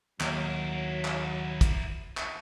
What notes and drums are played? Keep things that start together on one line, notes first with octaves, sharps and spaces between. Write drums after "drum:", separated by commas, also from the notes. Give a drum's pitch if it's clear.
D#2 F#3 E4 A#4, drum: clap
drum: clap
drum: kick, hi-hat
drum: clap